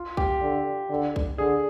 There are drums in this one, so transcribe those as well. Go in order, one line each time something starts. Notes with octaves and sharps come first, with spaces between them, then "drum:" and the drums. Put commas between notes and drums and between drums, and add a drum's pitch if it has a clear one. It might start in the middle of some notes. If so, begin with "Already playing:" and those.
Already playing: F4
G4, drum: kick A#1
D3
D3
drum: kick A#1
D3 G#4